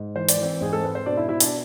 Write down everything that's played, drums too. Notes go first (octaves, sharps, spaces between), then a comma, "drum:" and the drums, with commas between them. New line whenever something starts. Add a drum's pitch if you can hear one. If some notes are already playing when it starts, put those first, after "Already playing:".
Already playing: G#2
E3 C5
D5, drum: hi-hat
E3 C4 C5
G#2 G#4
A4
G#2 B4
C5
B2 D4 D5
E4 E5
B2 E4 E5
D4 D5, drum: hi-hat